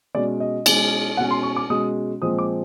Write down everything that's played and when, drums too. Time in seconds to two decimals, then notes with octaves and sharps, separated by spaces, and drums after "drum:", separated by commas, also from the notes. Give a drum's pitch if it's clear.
0.15 B2 G#3 C#4 D5
0.40 D#5
0.66 B2 G#3 C#4, drum: cymbal
1.17 B2 G#3 C#4 F#5
1.31 C6
1.43 C#6
1.56 D6
1.70 B2 G#3 C#4 D#6
2.21 A#2 F3 G#3 C4 D#6
2.39 D6